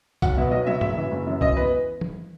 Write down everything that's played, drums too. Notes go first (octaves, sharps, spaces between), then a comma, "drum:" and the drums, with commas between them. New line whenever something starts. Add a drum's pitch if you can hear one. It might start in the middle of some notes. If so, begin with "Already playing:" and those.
B1 F#5, drum: kick C2, tambourine
B2 F#3 B3 E5
B1 D#5
B2 F#3 B3 E5
F#1 E5, drum: tom G#2
F#2 E3
F#1
F#2 E3
F#2 D#5, drum: kick C2
E3 B3 B4
drum: tom E3